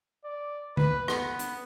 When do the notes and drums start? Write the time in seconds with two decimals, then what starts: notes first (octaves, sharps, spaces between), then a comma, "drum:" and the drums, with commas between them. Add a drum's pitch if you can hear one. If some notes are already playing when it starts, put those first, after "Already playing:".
0.25 D5
0.77 B4, drum: tom D3
1.08 B3, drum: rim click
1.39 drum: hi-hat